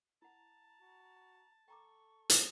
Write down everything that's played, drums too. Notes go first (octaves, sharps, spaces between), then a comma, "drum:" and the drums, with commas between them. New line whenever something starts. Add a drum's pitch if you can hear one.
E4 F#5 A5 A#5
F#4
A4 G5 A#5 C#6 D6
drum: hi-hat